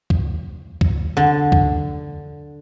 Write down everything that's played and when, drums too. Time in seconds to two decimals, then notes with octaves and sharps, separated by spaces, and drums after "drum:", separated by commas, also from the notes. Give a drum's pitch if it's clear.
0.10 drum: kick
0.81 drum: kick
1.17 D3
1.52 drum: kick